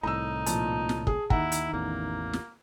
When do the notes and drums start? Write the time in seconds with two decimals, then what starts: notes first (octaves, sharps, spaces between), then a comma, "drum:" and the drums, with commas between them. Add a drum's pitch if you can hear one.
0.03 C2 A2 D#4 A#5 E6
0.46 A#2 F3 A5, drum: hi-hat
0.89 drum: snare
1.07 G#4, drum: kick
1.30 D#2 D#3 D#4 E4 F#5 A#5, drum: kick
1.52 drum: hi-hat
1.73 A1 E2 A#3
2.33 drum: snare